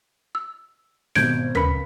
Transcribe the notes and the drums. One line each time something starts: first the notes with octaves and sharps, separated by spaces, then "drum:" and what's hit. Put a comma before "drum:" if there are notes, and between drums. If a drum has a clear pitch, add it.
E6
G#1 B2 G6 G#6 D7, drum: snare
C#2 A#4 B4 B5 B6 C#7, drum: tom